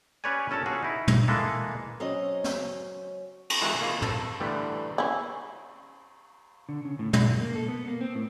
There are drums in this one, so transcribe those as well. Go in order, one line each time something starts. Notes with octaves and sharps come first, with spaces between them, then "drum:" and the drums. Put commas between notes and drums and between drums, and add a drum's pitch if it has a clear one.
C#4 G4 B4 C#5 D5 G#5
G1 C#4 A4 A#4 A5
C#4 F4 F#4 G#4 A#4
D#4 E4
drum: tom
E3 G#3 A#3 A4 B4
F#3 C4 C#4 C#5 D#5
drum: snare
drum: cymbal
D#3 E3 G#3 D#4 F4 F#4
A#3 F4 D#5 F5 G#5
A4, drum: tom
D3 E3 G3 A3 B3 G4
C#4 E4
D3
C#3
A2
G#3, drum: tom
F#2
A#3
A4
B3
A#3
C4
A2